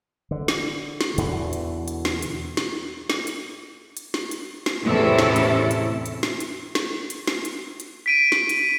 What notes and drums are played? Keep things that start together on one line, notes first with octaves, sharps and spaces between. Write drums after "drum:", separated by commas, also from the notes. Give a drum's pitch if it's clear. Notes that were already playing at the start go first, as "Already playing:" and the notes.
D3
drum: snare
drum: snare
E2 B2 D3, drum: hi-hat
drum: hi-hat
drum: hi-hat
drum: snare
drum: hi-hat
drum: snare
drum: snare
drum: hi-hat
drum: hi-hat
drum: snare
drum: hi-hat
drum: snare
E2 A2 C3 C#4 E4 A4
drum: snare
drum: hi-hat
drum: hi-hat
drum: hi-hat
drum: snare
drum: hi-hat
drum: snare
drum: hi-hat
drum: snare
drum: hi-hat
drum: hi-hat
B6 D7 D#7
drum: snare
drum: hi-hat